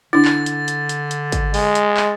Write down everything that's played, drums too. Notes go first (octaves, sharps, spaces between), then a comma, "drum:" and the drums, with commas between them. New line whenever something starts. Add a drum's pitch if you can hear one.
D3 D4 E4 A6
drum: clap
drum: hi-hat
drum: hi-hat
drum: hi-hat
drum: hi-hat
drum: kick G#1, hi-hat
G#3, drum: open hi-hat
drum: hi-hat
drum: clap